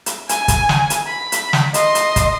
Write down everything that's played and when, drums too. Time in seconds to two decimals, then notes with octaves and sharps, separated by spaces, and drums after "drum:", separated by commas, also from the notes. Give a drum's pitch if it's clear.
0.06 drum: hi-hat
0.29 G#5, drum: hi-hat
0.48 drum: kick, hi-hat
0.69 drum: snare
0.90 drum: hi-hat
1.07 B5
1.32 drum: hi-hat
1.53 drum: snare
1.74 D#5 C6, drum: hi-hat
1.95 drum: hi-hat
2.16 drum: kick, hi-hat